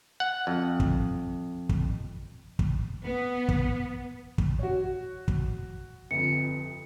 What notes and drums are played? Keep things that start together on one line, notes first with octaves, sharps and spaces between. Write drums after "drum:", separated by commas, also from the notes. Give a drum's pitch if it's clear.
F#5
F2
drum: kick
drum: kick
drum: kick
B3
drum: kick
drum: kick
F#4 C#5
drum: kick
G1 F2 C#7